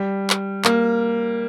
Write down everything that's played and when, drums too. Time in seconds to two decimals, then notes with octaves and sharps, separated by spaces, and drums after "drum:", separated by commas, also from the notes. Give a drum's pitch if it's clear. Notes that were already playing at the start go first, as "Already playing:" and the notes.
Already playing: G3
0.30 drum: clap
0.65 A#3, drum: clap